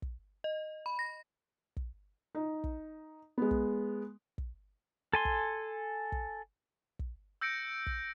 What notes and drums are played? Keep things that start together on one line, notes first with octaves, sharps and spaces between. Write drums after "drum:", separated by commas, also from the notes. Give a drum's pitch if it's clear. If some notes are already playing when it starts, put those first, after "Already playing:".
drum: kick
D#5
B5
A#6
drum: kick
D#4
drum: kick
G#3 B3
drum: kick
drum: kick
A4 G#5 C6
drum: kick
drum: kick
drum: kick
E6 G6 A#6 C#7 D7
drum: kick